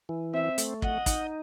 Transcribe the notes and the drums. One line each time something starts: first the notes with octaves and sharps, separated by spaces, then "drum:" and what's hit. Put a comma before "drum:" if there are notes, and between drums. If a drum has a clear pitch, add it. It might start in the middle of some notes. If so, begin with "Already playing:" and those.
E3
C4 E5
A3, drum: hi-hat
D#5 F#5, drum: kick
D#4, drum: kick, hi-hat